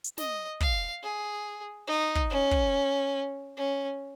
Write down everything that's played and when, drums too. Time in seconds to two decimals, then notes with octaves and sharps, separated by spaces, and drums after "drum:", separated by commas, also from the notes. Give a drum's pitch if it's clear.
0.04 drum: hi-hat
0.18 D#5, drum: snare
0.61 F5, drum: kick
1.03 G#4
1.87 D#4
2.16 drum: kick
2.30 C#4
2.51 drum: kick
3.57 C#4